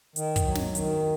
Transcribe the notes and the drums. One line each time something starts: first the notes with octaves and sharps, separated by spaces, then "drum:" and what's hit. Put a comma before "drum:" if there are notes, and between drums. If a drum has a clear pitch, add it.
D#3, drum: hi-hat
drum: kick, hi-hat
F#3
drum: snare
D#3, drum: hi-hat